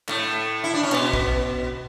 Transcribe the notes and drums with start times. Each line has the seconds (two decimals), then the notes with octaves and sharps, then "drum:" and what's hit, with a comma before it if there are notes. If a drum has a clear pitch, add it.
0.08 A2 A3, drum: clap
0.64 E4
0.74 D4
0.83 C#4
0.92 B2 B3, drum: clap
1.13 drum: kick